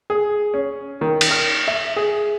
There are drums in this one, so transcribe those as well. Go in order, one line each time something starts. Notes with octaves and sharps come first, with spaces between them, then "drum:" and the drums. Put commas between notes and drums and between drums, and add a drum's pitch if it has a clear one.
G#4
C#4
D#3
drum: cymbal
F6
E5
G#4